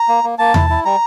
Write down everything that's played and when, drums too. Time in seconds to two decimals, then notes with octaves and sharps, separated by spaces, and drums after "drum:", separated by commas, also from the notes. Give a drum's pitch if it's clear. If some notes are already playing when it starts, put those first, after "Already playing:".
Already playing: A#5
0.08 A#3
0.24 A#3
0.39 A#3 A5
0.54 E4, drum: tom E2
0.70 E4
0.85 G3 A#5